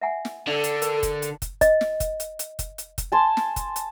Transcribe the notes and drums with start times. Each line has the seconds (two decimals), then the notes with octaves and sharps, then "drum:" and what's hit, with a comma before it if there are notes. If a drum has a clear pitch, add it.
0.01 E5 F#5 G#5
0.25 drum: snare
0.47 D3 A4 D5
0.64 drum: hi-hat
0.82 A#4, drum: hi-hat
1.03 drum: kick, hi-hat
1.22 drum: hi-hat
1.42 drum: kick, hi-hat
1.61 D#5, drum: kick, hi-hat
1.81 drum: snare
2.00 drum: kick, hi-hat
2.20 drum: hi-hat
2.39 drum: hi-hat
2.59 drum: kick, hi-hat
2.78 drum: hi-hat
2.98 drum: kick, hi-hat
3.12 G#5 A5 C6
3.37 drum: snare
3.56 drum: kick, hi-hat
3.76 drum: hi-hat